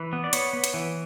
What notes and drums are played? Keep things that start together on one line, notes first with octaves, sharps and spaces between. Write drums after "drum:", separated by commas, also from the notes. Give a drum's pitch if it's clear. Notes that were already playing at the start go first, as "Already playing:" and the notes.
Already playing: E3 B4
B3
D5
B3 C#5, drum: hi-hat
B3
drum: hi-hat
E3